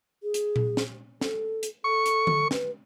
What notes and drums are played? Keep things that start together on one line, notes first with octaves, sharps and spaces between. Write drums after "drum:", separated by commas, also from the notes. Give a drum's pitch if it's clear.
G#4
drum: hi-hat
drum: tom A#2
drum: snare
A4, drum: snare
drum: hi-hat
A4 C#6
drum: hi-hat
drum: tom D3
B4, drum: snare